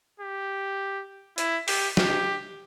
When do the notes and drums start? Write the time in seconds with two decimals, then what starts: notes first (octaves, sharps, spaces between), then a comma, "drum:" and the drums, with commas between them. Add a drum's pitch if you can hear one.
0.20 G4
1.38 E4, drum: hi-hat
1.68 G4, drum: open hi-hat
1.97 G4, drum: snare